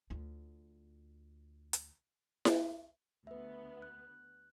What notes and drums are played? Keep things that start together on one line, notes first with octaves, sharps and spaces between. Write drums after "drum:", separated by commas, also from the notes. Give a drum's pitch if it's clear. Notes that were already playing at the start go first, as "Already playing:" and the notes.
D2 F4
drum: hi-hat
drum: snare E4
D2 B3 B4 E5
F#6